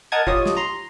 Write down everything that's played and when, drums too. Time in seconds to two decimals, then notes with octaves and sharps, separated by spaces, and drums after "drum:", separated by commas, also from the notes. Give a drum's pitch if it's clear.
0.12 A#4 D#5 F#5 A5 D#6 G#6
0.27 F4 G4 C#5 D#5 A5 D#6, drum: kick
0.46 drum: snare
0.57 A#5 C6